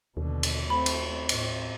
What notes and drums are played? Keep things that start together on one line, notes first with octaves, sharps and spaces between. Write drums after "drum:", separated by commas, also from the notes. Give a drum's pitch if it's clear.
D#2 B2 D3
drum: cymbal
A3 C4 B5
drum: cymbal
A2 C4, drum: cymbal